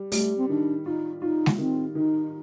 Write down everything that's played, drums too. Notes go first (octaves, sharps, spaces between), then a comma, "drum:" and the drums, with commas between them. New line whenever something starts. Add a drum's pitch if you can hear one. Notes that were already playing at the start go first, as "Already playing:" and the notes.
Already playing: G3
G3 A3, drum: open hi-hat
C4
D#3 D4
D#4 F4
D#4 F4
drum: snare G#3
D#3 C4
D#3 D#4